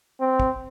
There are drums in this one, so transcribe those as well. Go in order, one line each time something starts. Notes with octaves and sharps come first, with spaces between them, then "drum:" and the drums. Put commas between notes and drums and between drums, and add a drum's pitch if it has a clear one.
C4
drum: kick